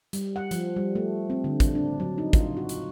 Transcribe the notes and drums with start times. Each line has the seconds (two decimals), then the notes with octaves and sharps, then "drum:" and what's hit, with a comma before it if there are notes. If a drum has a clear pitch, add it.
0.13 G3, drum: hi-hat
0.36 F#5
0.51 F3, drum: hi-hat
0.76 G3
0.95 A3
1.30 C4
1.44 D3
1.60 drum: kick, hi-hat
1.75 D4
2.00 F#3
2.18 D#4
2.33 F4, drum: kick, hi-hat
2.57 F#4
2.69 drum: hi-hat